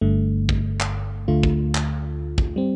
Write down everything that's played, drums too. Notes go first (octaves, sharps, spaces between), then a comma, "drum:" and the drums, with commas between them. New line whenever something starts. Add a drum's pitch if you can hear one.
G1 G2 D3 A3
drum: kick
drum: clap
D2 D3 A3 F4
drum: kick
drum: clap
drum: kick
G3 C4